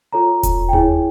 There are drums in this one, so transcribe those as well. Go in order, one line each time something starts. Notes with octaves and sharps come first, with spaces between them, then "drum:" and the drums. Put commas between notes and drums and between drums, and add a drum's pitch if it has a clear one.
F4 A4 C#5 A#5
drum: kick E1, hi-hat
G5
E4 G#4 C#5 G#5, drum: tom D#2